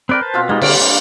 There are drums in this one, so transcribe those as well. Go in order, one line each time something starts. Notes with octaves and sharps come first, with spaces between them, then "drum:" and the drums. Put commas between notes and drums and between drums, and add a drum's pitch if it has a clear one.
C4 A#4 B4 D5 G5
C5 A5
B2 C4 F4
G3 G#3 A#3 D#4
D3 D5, drum: cymbal
D4